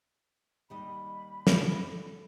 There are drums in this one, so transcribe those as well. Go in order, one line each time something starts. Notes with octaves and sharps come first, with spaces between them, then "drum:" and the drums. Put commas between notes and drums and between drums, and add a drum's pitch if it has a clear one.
D#2 G3 D#5 B5
drum: snare
A4